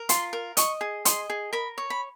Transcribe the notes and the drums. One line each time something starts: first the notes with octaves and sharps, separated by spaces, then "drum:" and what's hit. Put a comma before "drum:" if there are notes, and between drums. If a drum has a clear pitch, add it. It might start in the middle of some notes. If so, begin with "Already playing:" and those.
Already playing: A#4
F4 C6, drum: hi-hat
A#4
D#5 C#6, drum: hi-hat
G#4
D#5 C6, drum: hi-hat
G#4
A#4 B5
C#5
B5